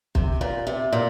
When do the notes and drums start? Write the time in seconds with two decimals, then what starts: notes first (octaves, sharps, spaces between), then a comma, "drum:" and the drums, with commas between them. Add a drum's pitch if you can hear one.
0.15 C3, drum: kick
0.41 A#2
0.67 C3
0.93 A#2